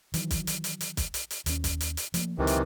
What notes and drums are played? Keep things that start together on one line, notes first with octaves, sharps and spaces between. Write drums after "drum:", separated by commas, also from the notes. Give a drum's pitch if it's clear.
D#3 E3 F#3, drum: hi-hat
drum: kick, hi-hat
drum: hi-hat
drum: hi-hat
drum: hi-hat
drum: kick, hi-hat
drum: hi-hat
drum: hi-hat
D#2 C#4, drum: hi-hat
drum: kick, hi-hat
drum: hi-hat
drum: hi-hat
F3 A3 A#3, drum: hi-hat
C#2 C3 D#3 E3 F#3
drum: hi-hat